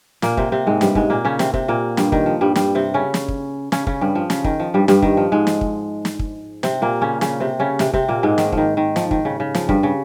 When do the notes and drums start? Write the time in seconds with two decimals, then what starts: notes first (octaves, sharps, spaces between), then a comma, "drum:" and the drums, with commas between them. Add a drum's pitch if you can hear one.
0.22 A#2 A#3, drum: snare
0.37 C3 C4, drum: kick
0.52 C3 C4
0.67 G#2 G#3
0.81 G2 G3, drum: snare
0.95 G#2 G#3, drum: kick
1.10 A#2 A#3
1.25 C#3 C#4
1.39 C3 C4, drum: snare
1.54 C3 C4, drum: kick
1.68 A#2 A#3
1.97 G2 G3, drum: snare
2.12 D#3, drum: kick
2.26 F3
2.41 G2 G3
2.56 G2 G3, drum: snare
2.75 C3 C4
2.94 C#3 C#4
3.14 drum: snare
3.28 drum: kick
3.72 C#3 C#4, drum: snare
3.87 C#3 C#4, drum: kick
4.01 G2 G3
4.15 F3
4.30 C#3, drum: snare
4.44 D#3, drum: kick
4.60 F3
4.74 G2 G3
4.88 G2 G3, drum: snare
5.02 D#3, drum: kick
5.17 F3
5.32 G#2 G#3
5.47 drum: snare
5.61 drum: kick
6.05 drum: snare
6.19 drum: kick
6.63 C3 C4, drum: snare
6.82 A#2 A#3
7.02 C#3 C#4
7.21 C#3 C#4, drum: snare
7.40 C3 C4
7.60 C#3 C#4
7.79 C3 C4, drum: snare
7.94 C3 C4, drum: kick
8.08 A#2 A#3
8.23 G#2 G#3
8.38 D#3, drum: snare
8.52 F3, drum: kick
8.57 D#3
8.77 D#3
8.96 F3, drum: snare
9.11 D#3, drum: kick
9.25 C#3
9.40 C#3
9.55 F3, drum: snare
9.69 G2 G3, drum: kick
9.83 C#3